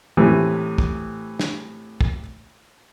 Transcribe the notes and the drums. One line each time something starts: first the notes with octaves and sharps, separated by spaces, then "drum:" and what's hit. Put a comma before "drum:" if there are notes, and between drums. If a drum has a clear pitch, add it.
A2 C3 E3
drum: kick
drum: snare
drum: kick